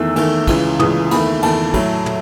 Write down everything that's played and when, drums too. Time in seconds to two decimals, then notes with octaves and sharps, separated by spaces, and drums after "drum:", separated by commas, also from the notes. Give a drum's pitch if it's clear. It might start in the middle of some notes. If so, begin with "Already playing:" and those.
Already playing: E2 D#3 A3 E6
0.16 E2 D#3 A3, drum: cymbal
0.47 C#2 C#3 E3, drum: kick, cymbal
0.80 C#2 C#3 E3 D#6, drum: tom
1.11 E2 D#3 A3 B5, drum: cymbal
1.43 E2 D#3 A3 A5, drum: cymbal
1.74 A2 F#3 A3, drum: kick, cymbal
2.06 drum: tom